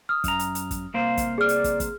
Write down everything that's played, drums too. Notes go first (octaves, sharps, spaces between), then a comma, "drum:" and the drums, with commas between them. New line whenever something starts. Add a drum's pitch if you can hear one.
D#6 F6
F#2 A#5, drum: kick, hi-hat
drum: hi-hat
drum: hi-hat
drum: kick, hi-hat
C2 A#3 C5 F5
drum: kick, hi-hat
G#4 D5 F6
drum: hi-hat
drum: kick, hi-hat
drum: kick, hi-hat